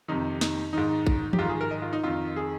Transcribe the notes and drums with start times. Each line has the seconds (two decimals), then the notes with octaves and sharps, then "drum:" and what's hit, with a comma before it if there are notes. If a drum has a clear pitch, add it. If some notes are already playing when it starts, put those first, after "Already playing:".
0.08 F2 C3 D#3 D#4
0.41 D#4, drum: snare
0.73 G#2 D#3 D#4
1.07 drum: kick
1.33 G4, drum: tom E3
1.39 G#2 D#3 F4
1.49 G#4
1.61 A#4
1.71 D#5
1.82 F4
1.93 D#4
2.03 F2 D#3 F4
2.36 G#4